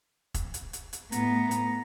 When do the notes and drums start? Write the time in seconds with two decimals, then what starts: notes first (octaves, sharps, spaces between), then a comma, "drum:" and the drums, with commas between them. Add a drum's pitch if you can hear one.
0.34 drum: kick, hi-hat
0.54 drum: hi-hat
0.73 drum: hi-hat
0.93 drum: hi-hat
1.12 A2 B3 A#5, drum: hi-hat
1.51 drum: hi-hat